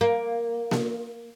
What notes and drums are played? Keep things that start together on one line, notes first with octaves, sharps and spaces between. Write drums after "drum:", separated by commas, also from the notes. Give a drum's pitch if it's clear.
A#3
drum: snare A#3